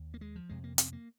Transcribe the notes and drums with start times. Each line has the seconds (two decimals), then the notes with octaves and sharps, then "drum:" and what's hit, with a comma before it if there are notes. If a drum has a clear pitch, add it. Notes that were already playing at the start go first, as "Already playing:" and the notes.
Already playing: D#2
0.14 A#3
0.21 G#3
0.36 F3
0.49 F2 C3 G#3
0.64 A#3
0.78 C4, drum: hi-hat
0.93 A#3